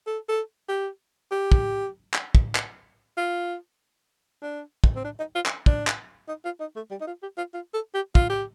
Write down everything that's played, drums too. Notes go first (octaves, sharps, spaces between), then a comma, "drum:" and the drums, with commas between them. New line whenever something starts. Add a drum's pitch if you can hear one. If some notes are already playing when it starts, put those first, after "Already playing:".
A4
A4
G4
G4
drum: kick
drum: clap
drum: kick
drum: clap
F4
D4
drum: kick
C4
D4
D#4
F4
drum: clap
D4, drum: kick
drum: clap
D#4
F4
D#4
A3
G3
D#4
F4
G4
F4
F4
A4
G4
F4, drum: kick
G4